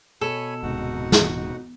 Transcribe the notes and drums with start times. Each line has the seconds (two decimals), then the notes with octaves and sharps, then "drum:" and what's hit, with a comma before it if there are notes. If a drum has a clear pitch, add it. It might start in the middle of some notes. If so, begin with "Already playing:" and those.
0.21 B2 A4 C#5 G#5 B5
0.63 D#1 G#2 C3 D#4 F#4 F#5
1.12 drum: snare